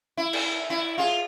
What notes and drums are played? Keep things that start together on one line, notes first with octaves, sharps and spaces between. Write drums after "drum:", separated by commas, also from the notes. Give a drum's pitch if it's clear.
E4
drum: cymbal
E4
F4 G#4